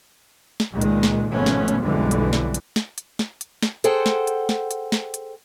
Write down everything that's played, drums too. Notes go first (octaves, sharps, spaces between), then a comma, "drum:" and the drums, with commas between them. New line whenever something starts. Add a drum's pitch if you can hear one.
drum: snare
C#2 A#2 D#3 G#3
drum: hi-hat
drum: snare
G#1 B2 F3 A3 B3 C#4
drum: snare
drum: hi-hat
B1 F2 D3 E3 G3 G#3
drum: hi-hat
drum: snare
drum: hi-hat
drum: snare
drum: hi-hat
drum: snare
drum: hi-hat
drum: snare
G#4 A4 C5 F#5 G5, drum: hi-hat
drum: snare
drum: hi-hat
drum: snare
drum: hi-hat
drum: snare
drum: hi-hat